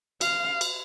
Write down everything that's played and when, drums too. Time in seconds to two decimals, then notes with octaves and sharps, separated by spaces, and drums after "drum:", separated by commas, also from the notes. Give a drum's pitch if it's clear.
0.21 F5, drum: cymbal
0.61 drum: cymbal